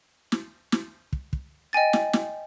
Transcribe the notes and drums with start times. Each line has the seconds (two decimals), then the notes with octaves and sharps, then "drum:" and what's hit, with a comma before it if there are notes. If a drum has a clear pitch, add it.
0.32 drum: snare
0.72 drum: snare
1.13 drum: kick
1.33 drum: kick
1.73 D#5 G5 G#5 A6
1.93 drum: snare
2.13 drum: snare